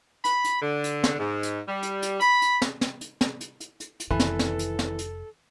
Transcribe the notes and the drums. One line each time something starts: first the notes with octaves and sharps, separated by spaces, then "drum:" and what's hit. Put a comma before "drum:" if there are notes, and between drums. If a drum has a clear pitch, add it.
B5, drum: hi-hat
drum: hi-hat
D3
drum: hi-hat
drum: snare
G#2
drum: hi-hat
G3
drum: hi-hat
drum: hi-hat
B5, drum: hi-hat
drum: hi-hat
drum: snare
drum: snare
drum: hi-hat
drum: snare
drum: hi-hat
drum: hi-hat
drum: hi-hat
drum: hi-hat
F1 D#3 E3 A4
drum: snare
drum: snare
drum: hi-hat
drum: snare
drum: hi-hat